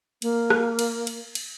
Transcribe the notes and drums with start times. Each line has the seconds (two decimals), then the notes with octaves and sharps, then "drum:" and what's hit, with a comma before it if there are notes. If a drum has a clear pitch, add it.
0.22 A#3, drum: cymbal
0.50 drum: rim click
0.79 drum: cymbal
1.07 drum: cymbal
1.35 drum: cymbal